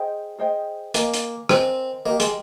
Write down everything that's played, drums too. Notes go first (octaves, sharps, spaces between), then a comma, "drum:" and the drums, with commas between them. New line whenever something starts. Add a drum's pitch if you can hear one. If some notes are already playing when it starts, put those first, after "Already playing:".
Already playing: G#4 C5 D#5 G5
G#4 C5 D#5 G5
A#3 A#4 D#5 G#5, drum: hi-hat
drum: hi-hat
C4 A#4 D#5 G#5, drum: rim click
A#3 G4 A#4 D#5
G#3, drum: hi-hat